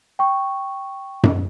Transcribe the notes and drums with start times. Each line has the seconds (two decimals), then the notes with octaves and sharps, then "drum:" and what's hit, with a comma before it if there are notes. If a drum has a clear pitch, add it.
0.19 G5 C#6
1.23 drum: tom F#2